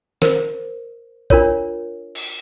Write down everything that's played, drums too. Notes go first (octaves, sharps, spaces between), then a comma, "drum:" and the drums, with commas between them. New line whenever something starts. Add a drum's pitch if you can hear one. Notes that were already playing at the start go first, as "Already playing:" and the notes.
A#4 C5, drum: snare
D4 F4 A#4 C#5, drum: kick
drum: cymbal